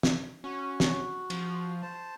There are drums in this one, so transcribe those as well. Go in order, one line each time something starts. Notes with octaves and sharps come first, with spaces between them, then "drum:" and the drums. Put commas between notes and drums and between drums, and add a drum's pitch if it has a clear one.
drum: snare
C#4 F#4
drum: snare
F3, drum: cymbal
C5 A5